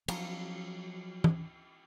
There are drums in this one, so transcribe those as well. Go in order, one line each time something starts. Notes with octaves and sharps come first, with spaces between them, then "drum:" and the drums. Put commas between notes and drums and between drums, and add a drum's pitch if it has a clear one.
F3 F#3, drum: cymbal
drum: tom E3